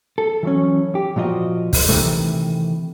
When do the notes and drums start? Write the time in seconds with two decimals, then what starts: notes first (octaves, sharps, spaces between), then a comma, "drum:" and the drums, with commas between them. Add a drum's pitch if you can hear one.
0.18 A4
0.43 E3 F#3 C#4
0.95 G4
1.16 A#2 F3 F4 F#4 D#5
1.73 drum: kick, open hi-hat
1.89 C3 D#3 E3 A3